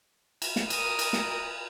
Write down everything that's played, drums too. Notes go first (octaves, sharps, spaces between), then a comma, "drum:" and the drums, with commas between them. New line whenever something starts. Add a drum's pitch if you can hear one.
drum: cymbal
drum: snare
A#4 D#6, drum: cymbal
drum: cymbal
drum: snare